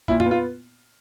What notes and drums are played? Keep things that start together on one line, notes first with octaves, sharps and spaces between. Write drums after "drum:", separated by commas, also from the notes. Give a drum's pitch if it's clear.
A#2 E4, drum: kick
F4, drum: tom
B3
F4